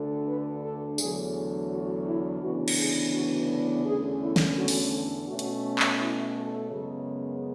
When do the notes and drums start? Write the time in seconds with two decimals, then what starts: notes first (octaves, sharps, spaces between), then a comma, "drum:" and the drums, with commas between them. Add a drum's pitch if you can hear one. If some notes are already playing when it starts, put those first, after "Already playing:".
Already playing: D2 D3 A3 D4
0.27 B4
0.63 A4
0.98 E2 D3 F#3 A3 G#4, drum: tambourine
1.35 G#4
1.71 F#4
2.06 E4
2.41 D2 C#3 E3 B3 D4 F#4
2.68 drum: cymbal
2.77 G#4
3.13 F#4
3.48 A4
3.84 E2 D3 A3 C#4 G#4
4.20 E4
4.36 drum: snare
4.56 F#4
4.68 drum: open hi-hat
4.92 A4
5.27 B2 A3 C#4 F#4
5.39 drum: hi-hat
5.79 drum: clap
5.99 E4
6.35 A4
6.70 F#2 C#3 G#3 B3